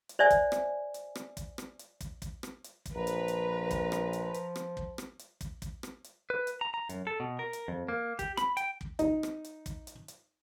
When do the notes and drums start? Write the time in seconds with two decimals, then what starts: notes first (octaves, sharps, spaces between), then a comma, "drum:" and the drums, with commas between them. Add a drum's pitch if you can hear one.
0.09 drum: hi-hat
0.19 C5 D5 E5 G#5
0.30 drum: kick, hi-hat
0.52 drum: rim click
0.94 drum: hi-hat
1.15 drum: rim click
1.37 drum: kick, hi-hat
1.58 drum: rim click
1.79 drum: hi-hat
2.00 drum: kick, hi-hat
2.22 drum: kick, hi-hat
2.43 drum: rim click
2.64 drum: hi-hat
2.86 drum: kick, hi-hat
2.95 A#1 F3 B4 A#5
3.07 drum: hi-hat
3.28 drum: hi-hat
3.71 drum: kick, hi-hat
3.92 drum: rim click
4.13 drum: hi-hat
4.34 drum: hi-hat
4.56 drum: rim click
4.77 drum: kick
4.98 drum: rim click
5.19 drum: hi-hat
5.41 drum: kick, hi-hat
5.62 drum: kick, hi-hat
5.83 drum: rim click
6.04 drum: hi-hat
6.30 B4
6.47 drum: hi-hat
6.61 A#5
6.74 A#5
6.89 F#2, drum: hi-hat
7.07 A4
7.20 B2
7.39 A#4
7.53 drum: hi-hat
7.68 F2
7.88 A#3
8.19 G4, drum: kick, hi-hat
8.37 B5, drum: rim click
8.57 G5, drum: hi-hat
8.81 drum: kick
8.99 D#4, drum: kick, hi-hat
9.23 drum: rim click
9.44 drum: hi-hat
9.66 drum: kick, hi-hat
9.87 drum: hi-hat
10.08 drum: hi-hat